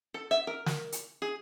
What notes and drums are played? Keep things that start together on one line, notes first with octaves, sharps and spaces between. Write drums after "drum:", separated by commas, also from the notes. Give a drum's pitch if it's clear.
A4
E5
A#4
drum: snare
drum: hi-hat
G#4